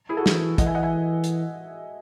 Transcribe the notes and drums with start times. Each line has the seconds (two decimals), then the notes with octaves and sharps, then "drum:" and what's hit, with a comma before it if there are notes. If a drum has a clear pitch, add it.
0.09 E4 G#4
0.17 F#4 A4
0.26 E3, drum: snare
0.58 E3 D#5 F#5, drum: kick, hi-hat
0.66 E5 G#5
0.75 D#5 F#5
0.83 E5 G#5
1.24 drum: hi-hat